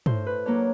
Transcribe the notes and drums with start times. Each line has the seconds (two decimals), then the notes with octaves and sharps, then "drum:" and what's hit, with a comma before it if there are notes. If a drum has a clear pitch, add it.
0.06 A2 C5, drum: tom
0.27 B4
0.46 F#3 A#3 D4 C#5